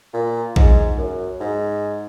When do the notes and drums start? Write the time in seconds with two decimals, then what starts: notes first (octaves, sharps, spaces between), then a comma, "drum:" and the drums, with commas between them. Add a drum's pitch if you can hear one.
0.14 A#2
0.56 G#2, drum: kick A#1
0.98 F#2
1.40 G#2